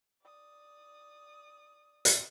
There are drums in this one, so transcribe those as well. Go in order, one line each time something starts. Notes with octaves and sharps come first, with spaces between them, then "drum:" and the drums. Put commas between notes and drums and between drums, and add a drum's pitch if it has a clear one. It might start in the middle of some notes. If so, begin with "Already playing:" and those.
D5 D#6
drum: hi-hat